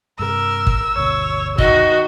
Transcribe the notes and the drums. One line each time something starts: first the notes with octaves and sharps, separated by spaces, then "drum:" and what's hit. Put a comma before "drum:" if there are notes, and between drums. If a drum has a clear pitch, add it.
G2 C3 A#4 E6
drum: kick G1
G1 D2 B2 C#5
D#3 F#4 D#5, drum: kick G1